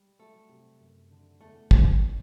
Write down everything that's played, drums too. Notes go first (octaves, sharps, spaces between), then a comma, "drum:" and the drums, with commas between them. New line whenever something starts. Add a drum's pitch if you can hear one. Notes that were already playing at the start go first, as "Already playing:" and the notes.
Already playing: G3
F#3 A3
C3
F#2
D3
E2 A3
E2, drum: kick
D4